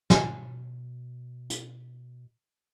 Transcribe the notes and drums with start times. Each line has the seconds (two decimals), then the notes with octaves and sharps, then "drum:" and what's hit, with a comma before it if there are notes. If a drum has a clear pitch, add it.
0.10 B2 F#3 D#5 G#5, drum: snare
1.50 drum: hi-hat